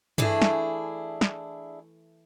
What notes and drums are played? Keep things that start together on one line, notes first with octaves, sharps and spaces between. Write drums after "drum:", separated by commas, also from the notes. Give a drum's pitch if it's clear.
E3 A3 D4 E4 G#4, drum: tom G2
drum: snare
drum: snare